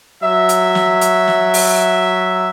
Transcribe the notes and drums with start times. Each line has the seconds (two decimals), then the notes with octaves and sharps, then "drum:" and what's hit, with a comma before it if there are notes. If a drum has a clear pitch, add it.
0.23 F#3 E5
0.49 drum: hi-hat
0.75 drum: snare
1.01 drum: hi-hat
1.27 drum: snare
1.54 drum: open hi-hat